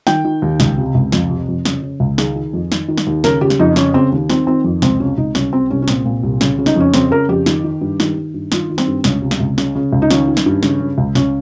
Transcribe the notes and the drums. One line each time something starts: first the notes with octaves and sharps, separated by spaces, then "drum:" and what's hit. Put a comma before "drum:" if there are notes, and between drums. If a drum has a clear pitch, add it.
D#3 G5, drum: snare
D#3
D#2
C#2, drum: snare
C3
C#2
F2, drum: snare
C3
F2
C#3, drum: snare
C#3
C#2
D#3 G#4, drum: snare
D#3
F2
D#3, drum: snare
D#3
drum: snare
D#2
C#3 A#4, drum: snare
C#3 G4
drum: snare
F2 D#4
C#3 C#4, drum: snare
C#3 C4
D#2
D#3 C4, drum: snare
D#3 C4
F2
C#2 C4, drum: snare
C3 C#4
C#2 D#4
C2 C#4, drum: snare
C3 C4
C2 C#4
C#4
A#2 C4, drum: snare
A#2
C2
C#3, drum: snare
C#3
D#4, drum: snare
F2 C#4
C#3 C4, drum: snare
C#3 A#4
F2 G4
D#3, drum: snare
D#3
G2
D#3, drum: snare
D#3
G2
D#3 F4, drum: snare
D#3
C4, drum: snare
G2
C#2 C#4, drum: snare
C3
drum: snare
C#2
C#3, drum: snare
C#3
C#2
D#4
D#3 C#4, drum: snare
D#3
drum: snare
G2
C#3, drum: snare
C#3
C#2
C#2 C#4, drum: snare